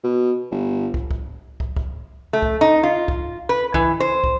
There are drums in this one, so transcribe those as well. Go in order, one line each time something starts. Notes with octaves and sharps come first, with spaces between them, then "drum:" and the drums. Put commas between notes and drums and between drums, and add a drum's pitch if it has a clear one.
B2
G1
drum: kick
drum: kick
drum: kick
drum: kick
A3
drum: kick
D#4
F4
drum: kick
B4
E3, drum: kick
C5
drum: kick